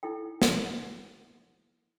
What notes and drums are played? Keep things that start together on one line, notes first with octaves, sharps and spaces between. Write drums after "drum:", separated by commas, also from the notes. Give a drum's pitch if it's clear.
D#4 E4 A4 G5
drum: snare